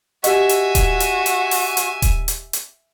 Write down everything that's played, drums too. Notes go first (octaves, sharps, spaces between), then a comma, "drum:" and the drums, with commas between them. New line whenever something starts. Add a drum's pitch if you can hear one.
F#4 G4 D#5 E5 G#5, drum: hi-hat
drum: hi-hat
drum: kick D#1, hi-hat
drum: hi-hat
drum: hi-hat
drum: open hi-hat
drum: hi-hat
drum: kick D#1, hi-hat
drum: hi-hat
drum: hi-hat